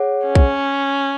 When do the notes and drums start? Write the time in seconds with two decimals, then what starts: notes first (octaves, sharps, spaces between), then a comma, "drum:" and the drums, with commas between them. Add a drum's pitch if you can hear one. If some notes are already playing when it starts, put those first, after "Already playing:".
Already playing: G#4 C#5 F#5
0.26 C#4
0.35 drum: kick